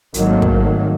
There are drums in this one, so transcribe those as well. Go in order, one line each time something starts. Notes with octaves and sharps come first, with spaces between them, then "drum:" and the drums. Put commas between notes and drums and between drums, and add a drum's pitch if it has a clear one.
G#1 D#3 F#3 A3 A#3, drum: hi-hat
drum: kick